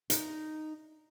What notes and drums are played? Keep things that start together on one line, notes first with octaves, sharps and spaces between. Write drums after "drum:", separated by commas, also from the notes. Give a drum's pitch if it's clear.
D#4, drum: hi-hat